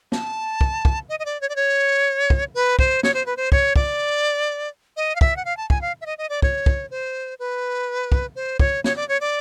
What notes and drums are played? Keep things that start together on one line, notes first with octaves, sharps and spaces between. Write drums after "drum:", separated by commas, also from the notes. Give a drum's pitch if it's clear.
A5, drum: snare
drum: kick
drum: kick
D#5
D#5
D5
C#5
D5
C#5
drum: kick
B4
C5, drum: kick
C#5, drum: snare
C5
B4
C5
C#5, drum: kick
D5, drum: kick
D#5
F5
E5, drum: kick
F#5
F5
A5
G#5, drum: kick
F5
E5
D#5
D#5
D5
C#5, drum: kick
drum: kick
C5
B4
drum: kick
C5
C#5, drum: kick
C#5, drum: snare
D5
C#5
D5